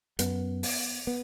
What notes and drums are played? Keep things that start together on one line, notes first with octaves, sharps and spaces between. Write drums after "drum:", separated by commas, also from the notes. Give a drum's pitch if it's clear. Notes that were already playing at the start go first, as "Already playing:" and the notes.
F#2 B3, drum: hi-hat
drum: open hi-hat
B3